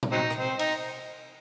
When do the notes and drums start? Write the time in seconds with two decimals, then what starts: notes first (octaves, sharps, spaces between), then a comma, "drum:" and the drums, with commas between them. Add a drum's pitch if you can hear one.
0.03 drum: tom A#2
0.12 F#3 C4 D#4
0.30 drum: rim click
0.40 C4
0.59 D#4, drum: cymbal